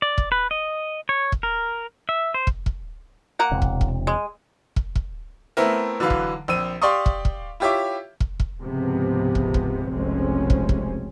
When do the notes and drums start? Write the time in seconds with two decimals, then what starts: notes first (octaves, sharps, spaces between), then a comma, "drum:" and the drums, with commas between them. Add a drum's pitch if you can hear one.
0.02 D5
0.18 drum: kick
0.32 B4
0.51 D#5
1.09 C#5
1.32 drum: kick
1.43 A#4
2.09 E5
2.34 C5
2.47 drum: kick
2.66 drum: kick
3.39 A#3 A#4 F#5
3.51 E1 C3
3.62 drum: kick
3.81 drum: kick
4.07 G#3
4.76 drum: kick
4.95 drum: kick
5.57 A3 B3 C4 E4 A#4
6.00 D3 E3 F#3 B4 F5
6.10 drum: kick
6.48 A#1 C4 E6 D#7
6.82 G4 D5 F5 C6 C#6 D#6
7.06 drum: kick
7.25 drum: kick
7.60 E4 F4 G4 C#5 E5 D6
8.20 drum: kick
8.40 drum: kick
8.61 C#2 G#2 C3 F3 B3
9.35 drum: kick
9.54 drum: kick
9.91 F1 B1 C3 G#3 C4 C#4
10.50 drum: kick
10.69 drum: kick